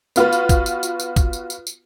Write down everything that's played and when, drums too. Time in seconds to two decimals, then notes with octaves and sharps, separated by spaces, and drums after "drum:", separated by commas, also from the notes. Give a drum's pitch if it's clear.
0.16 B3 F4 F#4 B4, drum: tambourine
0.33 drum: tambourine
0.49 drum: kick, tambourine
0.66 drum: tambourine
0.83 drum: tambourine
1.00 drum: tambourine
1.16 drum: kick, tambourine
1.33 drum: tambourine
1.50 drum: tambourine
1.67 drum: tambourine